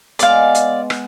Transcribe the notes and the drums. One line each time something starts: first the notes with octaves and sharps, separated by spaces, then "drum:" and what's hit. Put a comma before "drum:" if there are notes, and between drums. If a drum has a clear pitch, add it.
G#3 B3 D5 F5, drum: hi-hat
drum: hi-hat
drum: rim click